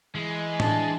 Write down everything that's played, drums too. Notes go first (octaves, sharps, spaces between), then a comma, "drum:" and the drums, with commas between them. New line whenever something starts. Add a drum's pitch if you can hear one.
E3 G#3
D4 A5, drum: tom A2